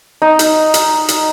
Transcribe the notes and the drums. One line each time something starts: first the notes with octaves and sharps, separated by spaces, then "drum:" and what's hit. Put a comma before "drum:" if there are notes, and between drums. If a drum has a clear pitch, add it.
D#4
drum: hi-hat
drum: hi-hat
drum: hi-hat